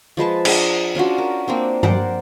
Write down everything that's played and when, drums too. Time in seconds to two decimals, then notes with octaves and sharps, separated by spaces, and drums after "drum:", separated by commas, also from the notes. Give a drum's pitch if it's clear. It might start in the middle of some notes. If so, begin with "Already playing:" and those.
0.17 F3 G#3 B4 A5
0.45 D4 G#4 A#5, drum: cymbal
0.95 C#4 D4 F4 F#4
1.18 A#4
1.48 A#3 C4 D4
1.83 A#4 C5 D5 F#5, drum: tom G2